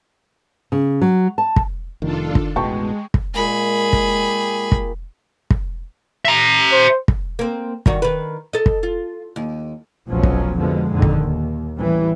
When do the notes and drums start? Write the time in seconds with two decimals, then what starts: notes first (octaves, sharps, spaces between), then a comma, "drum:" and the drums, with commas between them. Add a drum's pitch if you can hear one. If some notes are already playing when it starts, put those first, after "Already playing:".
0.72 C#3
1.01 F#3
1.38 A5
1.56 drum: kick
2.02 F1 D#3 D4 F4 A4
2.35 drum: kick
2.56 A1 E2 B2 G#3 G5 A5 C#6
3.14 drum: kick
3.34 A#2 G#3 A#3 G#4 B5
3.93 drum: kick
4.08 G4
4.72 drum: kick
5.50 drum: kick
6.25 E5 A#5
6.72 C5
7.08 drum: kick
7.39 A#3 C4
7.86 G2 D#3 F#4, drum: kick
8.02 D#3 B4
8.53 A4 D#5
8.66 drum: kick
8.83 F4
9.36 D#2
10.07 F1 B1 B2 F3 F#3 C#4
10.23 drum: kick
10.56 F2 B2 D3 F3 G#3
10.90 F2 A#2 D3 D#3
11.02 drum: kick
11.22 D#2
11.77 A1 E3 G3